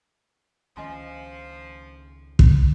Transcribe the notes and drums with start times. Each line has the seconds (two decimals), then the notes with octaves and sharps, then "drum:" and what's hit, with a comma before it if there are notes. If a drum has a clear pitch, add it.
0.77 C#2 D#3 F3 C#4 D#5 G#5 C6
2.39 drum: kick